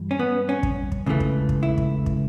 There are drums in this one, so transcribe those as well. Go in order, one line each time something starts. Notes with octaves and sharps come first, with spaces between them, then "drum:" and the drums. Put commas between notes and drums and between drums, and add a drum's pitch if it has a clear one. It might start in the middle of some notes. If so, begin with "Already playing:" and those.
Already playing: G2 E3 G3
C#4
B3
C#4
drum: kick
drum: kick
C#2 C#3 E3 A3
drum: kick
drum: kick
E4
drum: kick
drum: kick